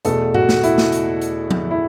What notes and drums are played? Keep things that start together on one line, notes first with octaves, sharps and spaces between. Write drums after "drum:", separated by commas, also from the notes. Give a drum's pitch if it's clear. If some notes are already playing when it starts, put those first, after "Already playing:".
E2 B2 A3 A4, drum: hi-hat
F#4, drum: tom G#2
drum: snare
E4, drum: hi-hat
drum: snare
drum: hi-hat
drum: hi-hat
drum: tom F3
E4